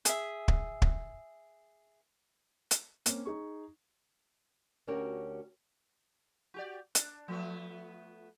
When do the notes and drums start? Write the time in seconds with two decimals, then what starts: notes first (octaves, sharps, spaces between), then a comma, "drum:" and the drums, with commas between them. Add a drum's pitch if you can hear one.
0.05 G#4 E5, drum: hi-hat
0.48 drum: kick
0.82 drum: kick
2.71 drum: hi-hat
3.06 A#3 C4 C#4, drum: hi-hat
3.25 D#4 G#4 C#6
4.87 D2 C#4 F#4 G4 A#4 C#5
6.54 F#4 G4 D5
6.95 D4, drum: hi-hat
7.28 F3 A3 B3